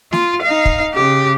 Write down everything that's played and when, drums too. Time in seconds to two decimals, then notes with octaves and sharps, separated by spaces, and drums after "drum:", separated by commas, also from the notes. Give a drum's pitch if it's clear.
0.13 F4, drum: snare
0.42 D#4 F5
0.65 drum: kick
0.93 C#3 G4